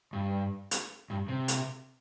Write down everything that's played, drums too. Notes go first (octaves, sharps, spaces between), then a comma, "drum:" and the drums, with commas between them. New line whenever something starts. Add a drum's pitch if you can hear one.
G2
drum: hi-hat
G2
C3
drum: hi-hat